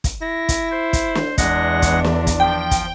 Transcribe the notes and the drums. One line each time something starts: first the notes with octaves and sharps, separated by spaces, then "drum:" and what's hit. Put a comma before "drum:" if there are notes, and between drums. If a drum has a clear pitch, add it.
drum: kick, hi-hat
E4 A#6
drum: kick, hi-hat
C5
drum: kick, hi-hat
drum: snare
E2 G#3 D4 F#5 A#6, drum: kick, hi-hat
drum: kick, hi-hat
drum: snare
drum: kick, hi-hat
F3 G5
drum: kick, hi-hat